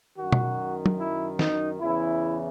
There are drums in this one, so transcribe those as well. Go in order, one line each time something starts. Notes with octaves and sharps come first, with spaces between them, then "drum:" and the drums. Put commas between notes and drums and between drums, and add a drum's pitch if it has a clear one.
F#2 D#3 F#4
drum: tom B2
drum: tom
E4
D#4, drum: snare
E2 C#3 E3 E4